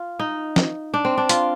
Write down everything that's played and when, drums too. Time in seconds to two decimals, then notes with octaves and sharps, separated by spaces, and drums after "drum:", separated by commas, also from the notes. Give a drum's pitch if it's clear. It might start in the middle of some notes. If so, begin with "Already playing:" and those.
Already playing: F4
0.19 D#4
0.56 drum: snare
0.94 D4
1.05 C4
1.17 D4
1.29 F4, drum: hi-hat